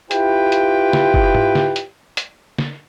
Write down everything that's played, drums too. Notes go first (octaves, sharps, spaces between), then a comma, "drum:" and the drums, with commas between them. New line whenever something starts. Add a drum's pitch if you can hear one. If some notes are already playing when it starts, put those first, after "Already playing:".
E4 F4 G4 B4 G5, drum: hi-hat
drum: hi-hat
drum: snare
drum: kick
drum: tom G#2
drum: snare
drum: hi-hat
drum: hi-hat
drum: snare